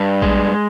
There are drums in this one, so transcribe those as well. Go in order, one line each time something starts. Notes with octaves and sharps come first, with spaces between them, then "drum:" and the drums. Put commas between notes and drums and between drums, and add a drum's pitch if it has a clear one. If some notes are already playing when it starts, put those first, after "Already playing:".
Already playing: G2
G#3, drum: kick A#1